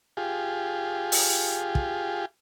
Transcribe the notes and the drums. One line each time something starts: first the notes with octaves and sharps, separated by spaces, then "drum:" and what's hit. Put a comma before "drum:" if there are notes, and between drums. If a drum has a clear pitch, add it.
F4 G4 G#4
drum: open hi-hat
drum: kick